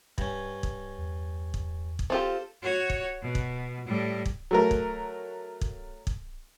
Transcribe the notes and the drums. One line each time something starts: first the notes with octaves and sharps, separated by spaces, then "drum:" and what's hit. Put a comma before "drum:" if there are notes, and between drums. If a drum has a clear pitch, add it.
G2 C#4, drum: kick
drum: kick
E2
drum: kick
drum: kick
C4 F4 G4 A4 C5
F#4 C#5
drum: kick
B2
drum: kick
A2 G3
drum: kick
F#3 A3 A#4
drum: kick
drum: kick
drum: kick